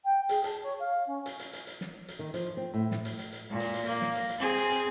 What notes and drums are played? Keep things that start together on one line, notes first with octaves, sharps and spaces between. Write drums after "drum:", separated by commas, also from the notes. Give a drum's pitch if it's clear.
G5
G#4, drum: hi-hat
A5, drum: hi-hat
C#5
F5
C#4
drum: hi-hat
drum: hi-hat
drum: hi-hat
drum: hi-hat
drum: snare
drum: hi-hat
D#3
F3, drum: hi-hat
C4
A2
drum: snare
drum: hi-hat
drum: hi-hat
drum: hi-hat
A#2
drum: hi-hat
drum: hi-hat
A#3, drum: hi-hat
drum: snare
drum: hi-hat
drum: hi-hat
C4 G#4
drum: hi-hat
drum: hi-hat